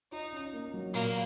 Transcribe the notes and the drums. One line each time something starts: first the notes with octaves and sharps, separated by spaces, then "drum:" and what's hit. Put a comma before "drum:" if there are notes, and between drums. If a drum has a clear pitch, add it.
D#4 F4
C#4
A#3
F#3
A#2 A#3, drum: hi-hat